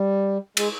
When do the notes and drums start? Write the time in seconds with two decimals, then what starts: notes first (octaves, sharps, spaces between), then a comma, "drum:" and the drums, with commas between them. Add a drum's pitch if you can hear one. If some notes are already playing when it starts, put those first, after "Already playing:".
Already playing: G3
0.57 G#3, drum: cymbal